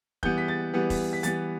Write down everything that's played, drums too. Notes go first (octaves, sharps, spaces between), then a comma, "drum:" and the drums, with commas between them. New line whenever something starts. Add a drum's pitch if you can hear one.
E3 G3 B3 G6, drum: kick F1
B6
A6
E3 G3 B3
drum: kick F1, open hi-hat
B6
E3 G3 B3 A6, drum: hi-hat